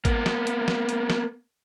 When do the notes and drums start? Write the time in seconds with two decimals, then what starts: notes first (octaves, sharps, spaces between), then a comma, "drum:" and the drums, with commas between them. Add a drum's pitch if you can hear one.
0.05 A#3 B3, drum: kick, hi-hat
0.26 drum: snare
0.47 drum: hi-hat
0.68 drum: snare
0.89 drum: hi-hat
1.10 drum: snare